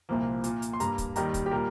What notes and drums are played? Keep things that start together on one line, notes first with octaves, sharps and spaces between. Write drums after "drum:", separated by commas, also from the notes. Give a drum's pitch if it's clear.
C2 A#2 F3 A#3
A#2 A#3, drum: hi-hat
drum: hi-hat
C6
G2 G3 A#3 A#5, drum: hi-hat
drum: kick, hi-hat
D#2 D#3 G3 A#5, drum: hi-hat
drum: kick, hi-hat
G4
A#2 G3 A#3 A#4